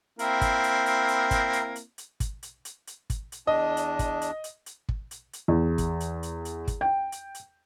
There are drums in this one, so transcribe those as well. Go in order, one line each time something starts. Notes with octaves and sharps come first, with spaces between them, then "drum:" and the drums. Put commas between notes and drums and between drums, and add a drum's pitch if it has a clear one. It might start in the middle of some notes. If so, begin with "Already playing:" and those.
A#3 C4 E4, drum: hi-hat
drum: kick, hi-hat
drum: hi-hat
drum: hi-hat
drum: hi-hat
drum: kick, hi-hat
drum: hi-hat
drum: hi-hat
drum: hi-hat
drum: kick, hi-hat
drum: hi-hat
drum: hi-hat
drum: hi-hat
drum: kick, hi-hat
drum: hi-hat
E2 D4 D#5
drum: hi-hat
drum: kick, hi-hat
drum: hi-hat
drum: hi-hat
drum: hi-hat
drum: kick
drum: hi-hat
drum: hi-hat
E2
drum: kick, hi-hat
drum: hi-hat
drum: hi-hat
drum: hi-hat
drum: kick, hi-hat
G5
drum: hi-hat
drum: hi-hat